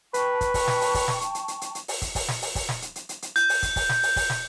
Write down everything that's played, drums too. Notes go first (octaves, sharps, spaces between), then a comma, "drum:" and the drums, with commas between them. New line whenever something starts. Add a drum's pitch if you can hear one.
B4 G5 A5 C#6, drum: hi-hat
drum: kick, hi-hat
drum: kick, open hi-hat
drum: snare
drum: open hi-hat
drum: kick, open hi-hat
drum: snare
drum: hi-hat
drum: hi-hat
drum: hi-hat
drum: hi-hat
drum: hi-hat
drum: open hi-hat
drum: kick, hi-hat
drum: kick, open hi-hat
drum: snare
drum: open hi-hat
drum: kick, open hi-hat
drum: snare
drum: hi-hat
drum: hi-hat
drum: hi-hat
drum: hi-hat
G6, drum: hi-hat
drum: open hi-hat
drum: kick, hi-hat
drum: kick, open hi-hat
drum: snare
drum: open hi-hat
drum: kick, open hi-hat
drum: snare